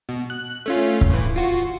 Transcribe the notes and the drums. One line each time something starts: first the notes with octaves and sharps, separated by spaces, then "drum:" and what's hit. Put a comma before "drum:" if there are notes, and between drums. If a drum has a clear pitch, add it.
B2
F#6
A3 C#4 F4
drum: kick C#1
A2 E3
F4 F#4